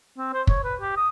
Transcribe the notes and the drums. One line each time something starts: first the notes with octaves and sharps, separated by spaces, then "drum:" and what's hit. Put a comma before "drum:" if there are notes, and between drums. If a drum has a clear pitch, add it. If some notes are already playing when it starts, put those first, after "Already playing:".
C4
C5
C#5, drum: kick
B4
G4
D#6